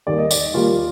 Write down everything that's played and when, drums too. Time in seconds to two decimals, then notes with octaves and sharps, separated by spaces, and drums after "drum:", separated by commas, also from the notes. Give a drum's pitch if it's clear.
0.07 D#2 D#3 G3 A#3 D5
0.18 D#5
0.31 D5, drum: tambourine
0.54 D#2 D#3 G3 A#3 F4